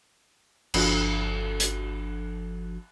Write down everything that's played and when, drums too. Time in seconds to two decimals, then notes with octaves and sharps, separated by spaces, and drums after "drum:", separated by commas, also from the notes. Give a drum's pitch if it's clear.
0.74 G1 F3 D4 F#4 A4, drum: cymbal
1.60 drum: hi-hat